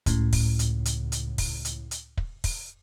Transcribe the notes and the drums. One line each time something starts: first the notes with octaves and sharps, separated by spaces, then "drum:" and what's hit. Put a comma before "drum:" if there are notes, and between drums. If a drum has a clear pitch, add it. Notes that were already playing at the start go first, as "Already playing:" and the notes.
C#2 A2 C#3, drum: kick, hi-hat
drum: kick, open hi-hat
drum: hi-hat
drum: hi-hat
drum: hi-hat
drum: kick, open hi-hat
drum: hi-hat
drum: hi-hat
drum: kick
drum: kick, open hi-hat